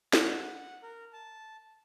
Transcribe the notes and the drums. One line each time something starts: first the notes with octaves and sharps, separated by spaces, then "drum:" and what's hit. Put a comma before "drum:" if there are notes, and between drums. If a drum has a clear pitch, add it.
F#5, drum: snare
A#4
A5